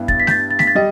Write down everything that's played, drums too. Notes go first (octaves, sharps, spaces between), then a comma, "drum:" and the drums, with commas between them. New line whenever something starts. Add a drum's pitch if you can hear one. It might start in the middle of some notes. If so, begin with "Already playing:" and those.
Already playing: G2 B3 E4
A6, drum: kick
B6
G6, drum: snare A3
A6
A6
B6, drum: snare A3
A6
G3 D#5